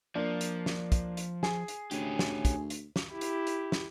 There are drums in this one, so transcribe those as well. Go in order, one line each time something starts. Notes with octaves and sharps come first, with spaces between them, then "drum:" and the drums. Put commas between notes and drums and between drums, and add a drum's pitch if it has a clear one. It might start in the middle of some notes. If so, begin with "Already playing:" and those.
F3 A#3 D4
drum: hi-hat
drum: snare
drum: kick, hi-hat
drum: hi-hat
G#4, drum: snare
drum: hi-hat
D2 C#4 G4, drum: hi-hat
drum: snare
drum: kick, hi-hat
drum: hi-hat
drum: snare
E4 G4
drum: hi-hat
drum: hi-hat
drum: snare